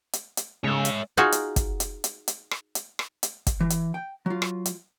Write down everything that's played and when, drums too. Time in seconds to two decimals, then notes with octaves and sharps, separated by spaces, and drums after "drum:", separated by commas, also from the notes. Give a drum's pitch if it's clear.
0.13 drum: hi-hat
0.37 drum: hi-hat
0.64 C#3 G#3 C#5 E5
0.85 drum: hi-hat
1.17 D#4 F4 F#4 G#4
1.32 drum: hi-hat
1.56 drum: kick, hi-hat
1.80 drum: hi-hat
2.04 drum: hi-hat
2.28 drum: hi-hat
2.51 drum: rim click
2.75 drum: hi-hat
2.99 drum: rim click
3.23 drum: hi-hat
3.47 drum: kick, hi-hat
3.60 E3
3.70 drum: hi-hat
3.94 G5
4.26 F#3 F4
4.42 drum: rim click
4.66 drum: hi-hat